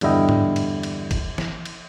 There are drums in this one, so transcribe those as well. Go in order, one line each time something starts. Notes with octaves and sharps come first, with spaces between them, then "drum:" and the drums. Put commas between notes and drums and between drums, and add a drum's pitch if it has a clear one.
E2 G2 D3 E4 D#5 G5, drum: cymbal
drum: tom G#2
drum: cymbal
drum: cymbal
drum: kick, cymbal
drum: snare
drum: cymbal